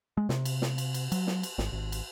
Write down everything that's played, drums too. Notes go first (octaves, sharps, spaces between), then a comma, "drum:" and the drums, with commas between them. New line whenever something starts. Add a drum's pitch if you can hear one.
G#3
C3, drum: snare
drum: cymbal
drum: snare
drum: cymbal
drum: cymbal
F#3, drum: cymbal
drum: snare
drum: cymbal
G#1, drum: snare
G#1
drum: cymbal